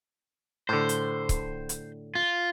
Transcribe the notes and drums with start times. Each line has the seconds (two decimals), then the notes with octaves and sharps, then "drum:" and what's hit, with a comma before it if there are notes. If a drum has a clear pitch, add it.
0.69 A2 D3 C5
0.89 drum: hi-hat
1.29 drum: kick C#1, hi-hat
1.69 drum: hi-hat
2.15 F4